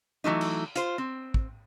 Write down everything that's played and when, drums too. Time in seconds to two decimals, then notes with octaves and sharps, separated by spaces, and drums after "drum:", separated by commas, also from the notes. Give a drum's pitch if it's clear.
0.24 E3 F#3 A3 D#4
0.41 drum: cymbal
0.76 F4 C5, drum: hi-hat
0.98 C4
1.34 drum: kick